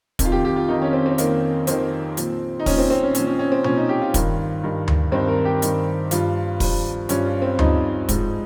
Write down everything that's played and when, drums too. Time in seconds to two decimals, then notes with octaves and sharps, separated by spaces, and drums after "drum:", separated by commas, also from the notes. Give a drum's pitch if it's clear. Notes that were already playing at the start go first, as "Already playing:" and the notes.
0.19 F2 D#3, drum: kick, hi-hat
0.25 F4
0.32 G4
0.45 G4
0.56 F4
0.68 F2 D#3 D#4
0.82 C#4
0.93 C4
1.06 C4
1.18 F2 D#3 A#3, drum: hi-hat
1.67 F2 D#3 C4, drum: hi-hat
2.17 A#2 F3, drum: hi-hat
2.60 D#4
2.66 A#2 F3 C#4, drum: kick, open hi-hat
2.78 C4
2.90 C4
3.03 C#4
3.15 A#2 F3 C#4, drum: hi-hat
3.27 C#4
3.39 C#4
3.52 C4
3.64 A#2 F3 C#4, drum: tom B2
3.77 D#4
3.89 G4
4.02 F4
4.14 G2 D#3, drum: kick, hi-hat
4.63 G2 D#3
4.88 drum: tom D2
5.12 G2 D#3 C4
5.28 A#4
5.45 G4
5.62 G2 D#3, drum: hi-hat
6.11 G2 F3 F4, drum: hi-hat
6.60 G2 F3, drum: kick, open hi-hat
7.09 G2 F3 C#4, drum: hi-hat
7.26 F4
7.42 C4
7.59 G2 F3 D#4, drum: tom D2
8.09 G#2 F3, drum: kick, hi-hat